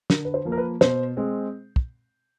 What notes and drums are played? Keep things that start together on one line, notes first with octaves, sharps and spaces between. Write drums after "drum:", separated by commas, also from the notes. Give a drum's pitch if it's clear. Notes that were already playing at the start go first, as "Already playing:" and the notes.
D3 A#4, drum: snare
B4
C5
F3 A#3
A#4
B4
B2 C5, drum: snare
G#3 C4
drum: kick